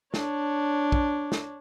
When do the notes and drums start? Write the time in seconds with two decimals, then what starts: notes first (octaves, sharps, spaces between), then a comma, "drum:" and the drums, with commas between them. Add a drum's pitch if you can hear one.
0.14 D4 C#5, drum: snare
0.92 drum: kick
1.32 drum: snare